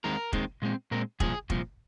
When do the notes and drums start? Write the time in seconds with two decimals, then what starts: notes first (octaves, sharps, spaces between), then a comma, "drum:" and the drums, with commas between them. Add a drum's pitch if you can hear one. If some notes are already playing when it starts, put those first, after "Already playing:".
0.04 D#2 D#3 G#3 C4 A#4
0.33 D#2 D#3 G#3 C4, drum: kick
0.62 A#2 G#3 C4
0.91 A#2 G#3 C4 A#4
1.20 C2 A#2 F3 G#4, drum: kick
1.50 C2 A#2 F3, drum: kick